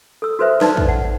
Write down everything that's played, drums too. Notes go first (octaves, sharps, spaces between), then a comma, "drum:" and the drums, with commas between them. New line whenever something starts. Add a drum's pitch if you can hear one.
A4 E6
F#4 A4 B4 C5 E5
D#4 B4 D5 A5, drum: snare
drum: kick
F#5